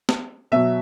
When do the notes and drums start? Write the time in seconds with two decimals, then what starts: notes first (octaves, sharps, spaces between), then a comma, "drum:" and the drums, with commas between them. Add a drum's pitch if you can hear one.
0.09 drum: snare
0.52 B2 F#3 E5